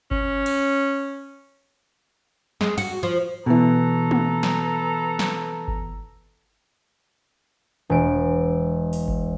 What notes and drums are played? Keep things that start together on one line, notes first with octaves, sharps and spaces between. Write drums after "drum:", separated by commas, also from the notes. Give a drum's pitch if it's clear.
C#4, drum: kick G1
drum: cymbal
G#3, drum: snare
F#4, drum: cymbal
F3
B2 E3 A4 B4 A#5
drum: tom
drum: snare
drum: snare
drum: kick G1
E1 D7
drum: open hi-hat
drum: kick G1